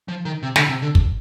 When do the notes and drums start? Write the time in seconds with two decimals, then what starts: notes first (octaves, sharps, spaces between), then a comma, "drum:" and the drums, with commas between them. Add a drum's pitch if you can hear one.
0.08 F3
0.25 D#3
0.43 C3
0.56 D3, drum: snare
0.69 C3
0.82 D3
0.95 drum: kick